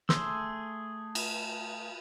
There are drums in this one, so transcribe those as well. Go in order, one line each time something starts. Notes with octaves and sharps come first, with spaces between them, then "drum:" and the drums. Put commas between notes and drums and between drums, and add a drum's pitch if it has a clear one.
A3 G#4 C6 E6, drum: snare
drum: cymbal